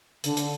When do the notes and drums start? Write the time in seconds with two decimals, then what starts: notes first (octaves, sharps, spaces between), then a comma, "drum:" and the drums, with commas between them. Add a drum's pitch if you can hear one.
0.24 D3, drum: hi-hat
0.37 drum: hi-hat